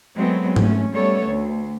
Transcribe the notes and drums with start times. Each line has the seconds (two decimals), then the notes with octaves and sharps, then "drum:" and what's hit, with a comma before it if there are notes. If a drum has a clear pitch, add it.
0.15 F#3 G#3 A3 B3 C4
0.56 A3 C#4, drum: tom G#2
0.93 G3 A3 B3 A4 C#5
1.26 D2